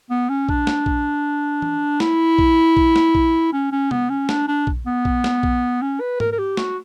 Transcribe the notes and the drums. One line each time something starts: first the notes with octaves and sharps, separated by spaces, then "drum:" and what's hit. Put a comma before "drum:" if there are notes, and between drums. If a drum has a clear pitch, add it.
B3
C#4
D4, drum: kick A#1
drum: snare
drum: kick A#1
drum: tom E3
E4, drum: snare
drum: kick A#1
drum: kick A#1
drum: snare
drum: kick A#1
C#4
C#4
B3, drum: tom
C#4
D4, drum: snare
D4
drum: kick A#1
B3
drum: kick A#1
drum: snare
drum: kick A#1
C#4
B4
A#4, drum: tom G#2
A#4
G4
F#4, drum: snare